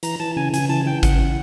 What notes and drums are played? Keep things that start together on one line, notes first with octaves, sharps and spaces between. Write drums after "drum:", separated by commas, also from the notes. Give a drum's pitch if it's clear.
E3 A#5, drum: hi-hat
E3 A5
C#3 G#5
C#3 G#5, drum: hi-hat
E3 A5
E3 G5
C#3 F#5, drum: kick, hi-hat
E3